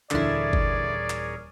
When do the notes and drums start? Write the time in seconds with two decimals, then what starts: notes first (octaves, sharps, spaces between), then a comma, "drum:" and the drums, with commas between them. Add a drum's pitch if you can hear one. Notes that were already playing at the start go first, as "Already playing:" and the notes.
0.11 D#1 D3 E3 E4 G#4 A#4 C#5 D5, drum: clap
0.53 drum: kick G1
1.10 drum: clap